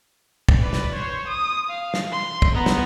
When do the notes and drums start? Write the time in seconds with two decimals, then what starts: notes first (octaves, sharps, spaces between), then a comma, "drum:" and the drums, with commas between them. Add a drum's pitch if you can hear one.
0.49 drum: kick
0.61 B4 D5
0.73 drum: snare
0.93 C5 C#5
1.28 D#6
1.69 F5
1.94 drum: snare
2.12 C6
2.42 drum: kick
2.54 B3 A#5
2.66 drum: snare